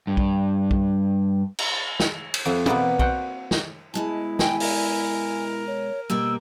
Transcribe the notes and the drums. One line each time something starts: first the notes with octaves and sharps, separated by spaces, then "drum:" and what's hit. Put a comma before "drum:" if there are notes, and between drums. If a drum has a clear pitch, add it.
G2
drum: kick B1
drum: kick B1
drum: cymbal
drum: snare
drum: cymbal
F2 F3 E5 F#5
B2 A#3 B3 E4 B4 D5, drum: tom
F#4 C5 F#5 G5, drum: kick B1
drum: snare
B2 G#3 E4 A5
G5 G#5, drum: snare
A#4, drum: open hi-hat
C#5
B2 G3 A#3 E6